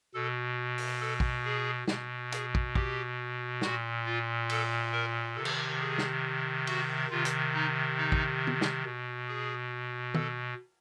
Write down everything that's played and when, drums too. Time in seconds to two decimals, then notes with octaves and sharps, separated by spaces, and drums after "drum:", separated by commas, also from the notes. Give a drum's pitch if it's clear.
0.14 B2 A4
0.78 drum: open hi-hat
1.01 A4
1.20 drum: kick
1.45 G#4
1.88 B2, drum: snare
2.32 G#4, drum: hi-hat
2.55 drum: kick
2.75 G4, drum: kick
3.62 A#2 F#4, drum: snare
4.06 F4
4.50 A4, drum: cymbal
4.92 A#4
5.36 C3 D#3 A4
5.45 drum: cymbal
5.80 G#4
5.98 drum: snare
6.67 F#4, drum: cymbal
7.10 C3 D#3 F4
7.25 drum: hi-hat
7.54 D#4
7.97 D#4
8.12 drum: kick
8.47 drum: tom
8.61 drum: snare
8.85 B2
9.28 G#4
10.14 A4, drum: tom D#3